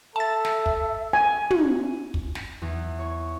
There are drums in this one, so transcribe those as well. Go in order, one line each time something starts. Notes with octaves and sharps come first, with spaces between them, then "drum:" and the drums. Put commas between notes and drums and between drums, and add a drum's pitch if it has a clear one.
A4 E5 A5 A6
drum: snare
drum: kick
G#5
drum: tom
drum: kick
drum: snare
E2
C#5